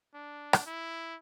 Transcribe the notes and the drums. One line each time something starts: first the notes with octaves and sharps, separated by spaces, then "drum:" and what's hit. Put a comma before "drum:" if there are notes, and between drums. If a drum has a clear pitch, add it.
D4
drum: rim click
E4